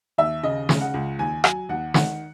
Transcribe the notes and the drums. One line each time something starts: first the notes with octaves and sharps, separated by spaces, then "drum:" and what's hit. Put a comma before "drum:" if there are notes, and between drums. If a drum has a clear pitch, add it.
D#2 E5
C#3 D#5
C#3, drum: snare
F#5
C#2
D#2 G#5
F#3 G#5, drum: rim click
D#2 F#5
D#3 F#5, drum: snare